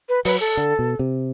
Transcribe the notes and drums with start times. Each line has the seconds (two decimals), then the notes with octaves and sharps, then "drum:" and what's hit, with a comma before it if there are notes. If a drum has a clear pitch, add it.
0.09 B4
0.25 F#3 B4, drum: open hi-hat
0.40 A4
0.57 D3
0.79 B2
0.99 C3